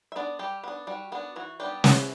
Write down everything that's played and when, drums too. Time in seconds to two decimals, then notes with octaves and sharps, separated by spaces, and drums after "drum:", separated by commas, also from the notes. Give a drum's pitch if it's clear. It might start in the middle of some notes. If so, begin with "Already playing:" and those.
0.12 E5
0.16 B3 D4 D5
0.39 G3 G4
0.64 B3 D4
0.87 G3 F#4
1.12 B3 D4 F#4
1.36 E3 F#4
1.60 G3 B3 D4 G4
1.84 E3 B4, drum: snare